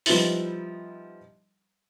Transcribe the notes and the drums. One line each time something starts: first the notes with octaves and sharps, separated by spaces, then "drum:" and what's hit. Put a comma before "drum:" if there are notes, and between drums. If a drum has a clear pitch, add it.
F3 G3 B3 D#4 E4, drum: open hi-hat